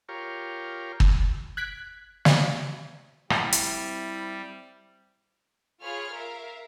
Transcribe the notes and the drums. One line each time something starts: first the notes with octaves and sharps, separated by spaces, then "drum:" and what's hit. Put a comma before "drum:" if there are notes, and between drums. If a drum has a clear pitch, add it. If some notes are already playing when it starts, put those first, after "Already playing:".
F4 G4 A#4 C#5
drum: kick
F#6 G#6 B6 D7
drum: snare
G3 C4 E4, drum: rim click
drum: hi-hat
F4 G#4 C#5 B5 F6
A#4 E5 F5